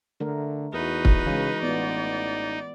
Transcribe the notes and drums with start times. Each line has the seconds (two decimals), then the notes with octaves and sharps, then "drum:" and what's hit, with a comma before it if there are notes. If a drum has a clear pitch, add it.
0.20 D3 A3 A#4
0.73 E2 D#4 F#4 B4
1.05 drum: kick
1.26 C#3 E3 G#3
1.63 A1 B3 F4 D5